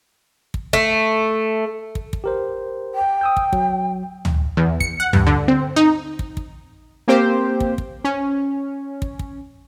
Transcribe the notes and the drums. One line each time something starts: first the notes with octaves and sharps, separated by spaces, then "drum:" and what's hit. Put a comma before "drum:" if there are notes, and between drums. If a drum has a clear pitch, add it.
drum: kick
A3, drum: kick
drum: kick
drum: kick
G4 A#4 C5
G5
D#6 E6 G6
drum: kick
F#3, drum: kick
drum: tom
E2
C#7, drum: kick
F#5
G2, drum: tom
D3
C4
D#4
drum: kick
drum: kick
A#3 C4 G4 C5
drum: kick
drum: kick
C#4
drum: kick
drum: kick